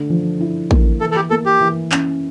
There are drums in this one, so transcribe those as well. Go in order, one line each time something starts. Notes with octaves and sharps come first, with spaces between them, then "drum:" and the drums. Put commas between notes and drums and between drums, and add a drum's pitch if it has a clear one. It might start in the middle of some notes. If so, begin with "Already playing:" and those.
Already playing: D3 A3
F3
E4
A#3, drum: kick A1
E3 A4
A4
G4
A#3 A4
G4
E3
C#4, drum: clap